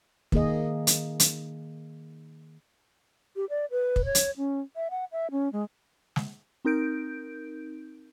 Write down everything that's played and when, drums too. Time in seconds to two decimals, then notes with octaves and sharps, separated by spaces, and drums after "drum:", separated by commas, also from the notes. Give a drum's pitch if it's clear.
0.32 D#3 A#3 G#4 D#5, drum: kick
0.87 drum: hi-hat
1.20 drum: hi-hat
3.36 G4
3.50 D5
3.71 B4
3.96 drum: kick
4.05 C#5
4.15 drum: hi-hat
4.37 C#4
4.76 E5
4.90 F#5
5.12 E5
5.31 C#4
5.53 G#3
6.16 drum: snare
6.65 C4 D#4 A#4 G6 D7